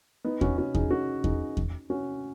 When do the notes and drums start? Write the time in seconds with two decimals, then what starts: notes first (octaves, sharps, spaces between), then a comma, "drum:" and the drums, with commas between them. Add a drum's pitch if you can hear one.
0.24 B3 D#4
0.41 C#4 F#4, drum: kick E2
0.58 C#4 F#4
0.75 D#4 G#4, drum: kick E2
0.91 C#4 F#4
1.24 D#4 G#4, drum: kick E2
1.57 drum: kick E2
1.90 C#4 F#4